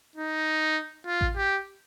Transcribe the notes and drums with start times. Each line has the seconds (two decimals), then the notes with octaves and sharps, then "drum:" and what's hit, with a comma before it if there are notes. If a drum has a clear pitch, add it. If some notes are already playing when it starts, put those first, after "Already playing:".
0.16 D#4
1.06 F4
1.21 drum: kick A1
1.36 G4